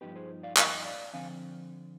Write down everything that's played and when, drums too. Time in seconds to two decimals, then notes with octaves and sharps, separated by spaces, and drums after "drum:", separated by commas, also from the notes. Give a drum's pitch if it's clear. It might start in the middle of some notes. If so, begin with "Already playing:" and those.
0.01 G2 F3 B3 D#4 G4 B4
0.16 G#4 C5
0.43 D5 F5
0.57 D#5 G5, drum: clap
0.85 D5 F5
1.13 D3 F3 C4 F5 G#5